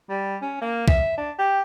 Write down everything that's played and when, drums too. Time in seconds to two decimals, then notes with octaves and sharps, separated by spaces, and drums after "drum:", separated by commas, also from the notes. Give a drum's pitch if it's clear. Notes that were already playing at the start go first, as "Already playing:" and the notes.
0.10 G3
0.42 C#4
0.61 A#3
0.88 E5, drum: kick
1.18 D4
1.38 G4